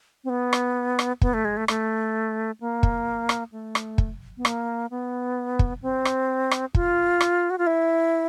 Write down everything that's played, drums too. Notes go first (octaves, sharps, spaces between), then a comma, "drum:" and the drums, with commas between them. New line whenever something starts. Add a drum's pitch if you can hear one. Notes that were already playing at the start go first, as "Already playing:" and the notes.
C4
B3
drum: rim click
drum: rim click
B3, drum: kick
A3
G#3
A3
A3, drum: rim click
A#3
drum: kick
drum: rim click
A3
drum: rim click
drum: kick
B3
A#3, drum: rim click
B3
drum: kick
C4
drum: rim click
drum: rim click
F4, drum: kick
drum: rim click
F#4
F4
E4